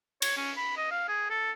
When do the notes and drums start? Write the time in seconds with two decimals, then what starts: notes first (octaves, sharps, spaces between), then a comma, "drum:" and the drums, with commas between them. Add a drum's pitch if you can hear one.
0.22 C#5, drum: cymbal
0.37 C#4
0.57 B5
0.77 D#5
0.91 F5
1.08 G#4
1.30 A4